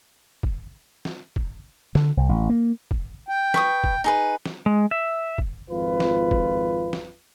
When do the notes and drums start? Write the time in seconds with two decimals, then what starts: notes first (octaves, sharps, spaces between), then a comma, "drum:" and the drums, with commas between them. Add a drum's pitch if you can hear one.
0.43 drum: kick
1.05 drum: snare
1.36 drum: kick
1.95 D3, drum: snare
2.17 C2
2.29 A1
2.50 A#3
2.91 drum: kick
3.28 G5
3.54 B4 C#6 D#6, drum: snare
3.84 drum: kick
4.04 D#4 G#4 B4
4.46 drum: snare
4.66 G#3
4.91 E5
5.38 drum: kick
5.70 G#1 F2 F4 B4
6.00 drum: snare
6.31 drum: kick
6.93 drum: snare